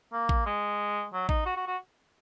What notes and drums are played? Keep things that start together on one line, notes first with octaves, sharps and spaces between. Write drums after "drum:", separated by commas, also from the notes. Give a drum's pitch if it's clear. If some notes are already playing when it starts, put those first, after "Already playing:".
A#3
drum: kick A1
G#3
F#3
D#4, drum: kick A1
F#4
F#4
F#4